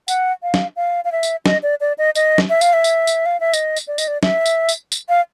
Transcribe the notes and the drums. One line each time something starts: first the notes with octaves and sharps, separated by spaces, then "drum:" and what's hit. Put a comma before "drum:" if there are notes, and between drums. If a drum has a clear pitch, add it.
F#5, drum: tambourine
F5
drum: snare
F5
F5
E5
drum: tambourine
D#5, drum: snare
D5
D5
D#5
D#5, drum: tambourine
drum: snare
E5
F5, drum: tambourine
E5
drum: tambourine
drum: tambourine
F5
E5
D#5, drum: tambourine
drum: tambourine
D5
D#5, drum: tambourine
D5
E5, drum: snare
drum: tambourine
drum: tambourine
drum: tambourine
F5